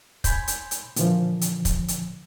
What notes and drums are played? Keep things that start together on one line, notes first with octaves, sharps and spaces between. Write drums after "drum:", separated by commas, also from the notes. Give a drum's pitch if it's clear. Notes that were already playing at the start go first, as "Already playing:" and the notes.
G#5 B5 C6 G6, drum: kick, hi-hat
drum: hi-hat
drum: hi-hat
A#2 D3 E3 F3, drum: hi-hat
drum: hi-hat
drum: kick, hi-hat
drum: hi-hat